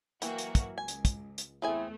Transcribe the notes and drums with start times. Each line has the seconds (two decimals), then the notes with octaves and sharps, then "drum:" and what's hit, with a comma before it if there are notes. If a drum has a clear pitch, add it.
0.22 E3 F#3 A#3 F#4 G5, drum: hi-hat
0.38 drum: hi-hat
0.55 drum: kick, hi-hat
0.78 C#2 G#5
0.88 drum: hi-hat
1.05 drum: kick, hi-hat
1.38 drum: hi-hat
1.62 E2 A3 B3 C4 E4 G#4 G#5